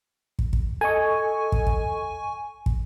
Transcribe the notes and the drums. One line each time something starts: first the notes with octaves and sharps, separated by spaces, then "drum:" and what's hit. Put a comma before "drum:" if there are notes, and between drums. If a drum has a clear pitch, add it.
drum: kick
drum: kick
A4 D#5 G#5 C#6
drum: kick
drum: kick
drum: kick